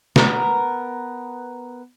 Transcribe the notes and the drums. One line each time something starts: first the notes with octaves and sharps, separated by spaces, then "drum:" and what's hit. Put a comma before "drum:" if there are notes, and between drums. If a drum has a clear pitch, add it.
B3 A#4, drum: snare